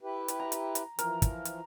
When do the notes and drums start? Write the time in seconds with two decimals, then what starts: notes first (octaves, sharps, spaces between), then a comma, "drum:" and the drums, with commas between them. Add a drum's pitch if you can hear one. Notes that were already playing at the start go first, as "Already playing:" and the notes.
0.01 E4 G4 B4
0.28 drum: hi-hat
0.39 A#5
0.52 drum: hi-hat
0.75 drum: hi-hat
0.99 E3 F3 A#4, drum: hi-hat
1.22 drum: kick, hi-hat
1.45 drum: hi-hat